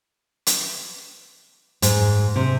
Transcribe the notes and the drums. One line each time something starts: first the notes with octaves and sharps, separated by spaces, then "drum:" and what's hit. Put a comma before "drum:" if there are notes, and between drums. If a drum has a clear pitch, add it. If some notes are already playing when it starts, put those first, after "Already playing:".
drum: hi-hat
G#2, drum: hi-hat
C3